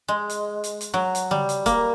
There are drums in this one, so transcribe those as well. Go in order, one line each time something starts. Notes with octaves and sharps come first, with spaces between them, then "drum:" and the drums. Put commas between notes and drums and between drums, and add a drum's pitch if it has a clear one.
G#3
drum: hi-hat
drum: hi-hat
drum: hi-hat
F#3
drum: hi-hat
G3, drum: tom C#3
drum: hi-hat
A#3, drum: kick, hi-hat